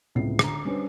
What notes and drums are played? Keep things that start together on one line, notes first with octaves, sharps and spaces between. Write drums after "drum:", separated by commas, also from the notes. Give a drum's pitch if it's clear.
C#2 A2 C3 B3 C7
D3 A#5, drum: rim click
G3 C#4 D4 B4 C5